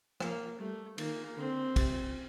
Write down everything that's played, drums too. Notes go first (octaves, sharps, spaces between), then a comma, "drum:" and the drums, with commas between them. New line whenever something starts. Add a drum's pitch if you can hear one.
F3 A#3, drum: rim click
G3 A3
D#3 A#3, drum: cymbal
D3 C4
C3, drum: kick, cymbal